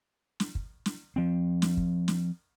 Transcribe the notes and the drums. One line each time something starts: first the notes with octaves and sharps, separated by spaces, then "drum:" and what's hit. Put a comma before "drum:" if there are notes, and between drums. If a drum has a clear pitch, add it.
drum: snare
drum: kick
drum: snare
F3 C4
drum: snare
drum: kick
drum: snare